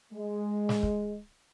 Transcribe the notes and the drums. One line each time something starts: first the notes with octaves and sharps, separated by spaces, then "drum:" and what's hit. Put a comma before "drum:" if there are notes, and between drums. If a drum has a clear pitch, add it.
G#3
drum: snare
drum: kick